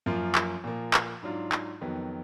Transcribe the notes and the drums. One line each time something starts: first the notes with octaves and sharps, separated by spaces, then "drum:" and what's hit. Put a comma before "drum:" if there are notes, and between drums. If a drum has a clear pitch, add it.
F#2 F3 A#3 F4
drum: clap
A#2 F3 A#3
drum: clap
G#2 F#3 D4 F4
drum: clap
F2 D#3 F#3 B3